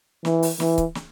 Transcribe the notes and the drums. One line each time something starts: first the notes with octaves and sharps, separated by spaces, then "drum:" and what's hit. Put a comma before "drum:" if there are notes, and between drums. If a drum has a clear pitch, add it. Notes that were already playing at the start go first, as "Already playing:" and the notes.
E3, drum: snare
drum: open hi-hat
E3, drum: snare
drum: kick C#1, hi-hat
drum: snare